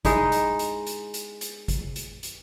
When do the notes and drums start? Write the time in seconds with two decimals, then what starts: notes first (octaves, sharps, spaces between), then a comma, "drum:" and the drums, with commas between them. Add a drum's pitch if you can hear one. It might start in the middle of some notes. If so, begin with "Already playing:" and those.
0.05 G#3 D#4 E4, drum: kick G#1, hi-hat
0.32 drum: hi-hat
0.59 drum: hi-hat
0.87 drum: hi-hat
1.14 drum: hi-hat
1.41 drum: hi-hat
1.68 drum: kick G#1, hi-hat
1.96 drum: hi-hat
2.23 drum: hi-hat